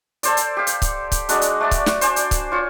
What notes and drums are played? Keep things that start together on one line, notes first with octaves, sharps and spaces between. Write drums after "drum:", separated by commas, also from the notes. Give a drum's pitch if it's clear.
A4 C5 D5, drum: hi-hat
drum: hi-hat
G4 F5
drum: hi-hat
drum: kick C#1, hi-hat
drum: kick C#1, hi-hat
G#3 D4 F#4, drum: hi-hat
drum: hi-hat
A3 D5 A5
drum: kick C#1, hi-hat
drum: snare
C5 D5 G#5, drum: hi-hat
drum: hi-hat
drum: kick C#1, hi-hat
F4 C#5